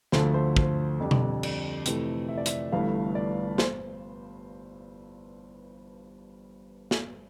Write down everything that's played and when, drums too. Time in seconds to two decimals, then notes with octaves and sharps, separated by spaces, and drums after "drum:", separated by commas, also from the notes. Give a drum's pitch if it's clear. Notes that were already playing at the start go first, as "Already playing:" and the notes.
0.12 D2 D3 F3 A3 C5, drum: snare
0.34 C5
0.56 C5, drum: kick
1.00 F2 D3 G3 D4
1.11 drum: tom B2
1.43 D5, drum: cymbal
1.86 F2 C3 E3 A3, drum: hi-hat
2.28 E5
2.38 D5
2.46 E5, drum: hi-hat
2.72 G1 G2 E3 A3 F5
3.15 D5
3.58 C5, drum: snare
6.91 drum: snare